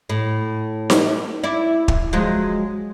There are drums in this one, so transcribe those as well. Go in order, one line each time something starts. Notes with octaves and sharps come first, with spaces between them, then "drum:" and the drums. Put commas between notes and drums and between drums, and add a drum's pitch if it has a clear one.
A2
drum: snare D#4
E4 D5
drum: kick
F3 F#3 G#3